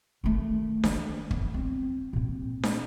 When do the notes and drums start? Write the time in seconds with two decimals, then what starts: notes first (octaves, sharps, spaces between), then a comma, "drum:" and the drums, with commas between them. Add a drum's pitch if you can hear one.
0.24 D#3 A3
0.84 D#3, drum: snare D4
1.31 B3, drum: kick
1.54 C4
2.13 A#2 C4
2.63 drum: snare D4